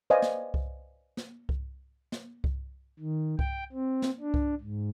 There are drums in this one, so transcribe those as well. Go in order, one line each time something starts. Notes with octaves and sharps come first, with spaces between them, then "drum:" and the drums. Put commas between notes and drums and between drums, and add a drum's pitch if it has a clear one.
B4 C5 D5 D#5 F5 G#5
drum: snare
drum: kick C2
drum: snare
drum: kick C2
drum: snare
drum: kick C2
D#3
G5, drum: kick C2
C4
drum: snare
D4
drum: kick C2
G#2